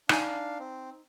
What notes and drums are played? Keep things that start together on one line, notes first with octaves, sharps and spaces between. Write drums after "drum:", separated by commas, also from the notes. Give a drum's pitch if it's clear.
D4 D#4 F5 G#5, drum: rim click
C4